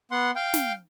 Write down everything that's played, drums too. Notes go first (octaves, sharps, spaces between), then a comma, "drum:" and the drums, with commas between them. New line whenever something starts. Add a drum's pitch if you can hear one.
B3 F#5 C6
F5 G5
drum: snare